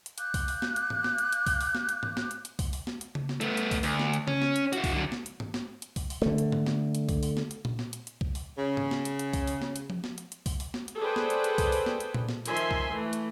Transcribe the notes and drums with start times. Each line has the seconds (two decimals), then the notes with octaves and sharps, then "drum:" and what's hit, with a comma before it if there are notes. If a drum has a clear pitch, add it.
0.06 drum: hi-hat
0.18 F5 D6 F#6 G6, drum: hi-hat
0.34 drum: kick, open hi-hat
0.48 drum: open hi-hat
0.62 drum: snare
0.76 drum: hi-hat
0.90 drum: tom G#2
1.04 drum: snare
1.18 drum: hi-hat
1.32 drum: hi-hat
1.47 drum: kick, open hi-hat
1.61 drum: open hi-hat
1.75 drum: snare
1.89 drum: hi-hat
2.03 drum: tom G#2
2.17 drum: snare
2.31 drum: hi-hat
2.45 drum: hi-hat
2.59 drum: kick, open hi-hat
2.73 drum: open hi-hat
2.87 drum: snare
3.01 drum: hi-hat
3.15 drum: tom C#3
3.29 drum: snare
3.41 A3 B3, drum: hi-hat
3.57 drum: hi-hat
3.71 drum: kick, open hi-hat
3.83 D2, drum: open hi-hat
3.99 drum: snare
4.14 drum: hi-hat
4.28 C#4, drum: tom C#3
4.42 drum: snare
4.56 drum: hi-hat
4.73 E4 F#4, drum: hi-hat
4.84 drum: kick, open hi-hat
4.94 D3 F#3
5.12 drum: snare
5.26 drum: hi-hat
5.40 drum: tom G#2
5.54 drum: snare
5.82 drum: hi-hat
5.96 drum: kick, open hi-hat
6.10 drum: open hi-hat
6.22 D3 A3, drum: snare
6.38 drum: hi-hat
6.52 drum: tom G#2
6.66 drum: snare
6.95 drum: hi-hat
7.09 drum: kick, open hi-hat
7.23 drum: open hi-hat
7.37 drum: snare
7.51 drum: hi-hat
7.65 drum: tom A#2
7.79 drum: snare
7.93 drum: hi-hat
8.07 drum: hi-hat
8.21 drum: kick
8.35 drum: open hi-hat
8.57 C#3
8.77 drum: tom G#2
8.91 drum: snare
9.05 drum: hi-hat
9.19 drum: hi-hat
9.33 drum: kick, open hi-hat
9.47 drum: open hi-hat
9.62 drum: snare
9.76 drum: hi-hat
9.90 drum: tom F3
10.04 drum: snare
10.18 drum: hi-hat
10.32 drum: hi-hat
10.46 drum: kick, open hi-hat
10.60 drum: open hi-hat
10.74 drum: snare
10.88 drum: hi-hat
10.98 G#4 A4 B4 C5 D5 G5
11.16 drum: snare
11.30 drum: hi-hat
11.44 drum: hi-hat
11.58 drum: kick, open hi-hat
11.72 drum: open hi-hat
11.86 drum: snare
12.00 drum: hi-hat
12.14 drum: tom A#2
12.29 drum: snare
12.46 D#3 F3 E5 G#5 C6, drum: hi-hat
12.57 drum: hi-hat
12.71 drum: kick
12.90 E3 A3
13.13 drum: hi-hat